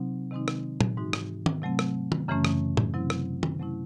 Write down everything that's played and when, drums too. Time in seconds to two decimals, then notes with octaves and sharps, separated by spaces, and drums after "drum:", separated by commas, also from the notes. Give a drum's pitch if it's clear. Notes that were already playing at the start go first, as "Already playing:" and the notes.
Already playing: C3 F#3 C4 D#4
0.31 C3 D#3 G#3 C4 D#4
0.48 drum: rim click
0.81 drum: tom A#2
0.97 G#2 E3 G#3 D#4 F#4
1.13 drum: rim click
1.46 drum: tom D#3
1.62 C3 F#3 A3 C4
1.79 drum: rim click
2.12 drum: tom D#3
2.28 F#2 C#3 E3 A3 C#4
2.45 drum: rim click
2.77 drum: tom
2.94 C3 F#3 C4 E4
3.10 drum: rim click
3.43 drum: tom D#3
3.59 C3 F#3 A3 C#4 E4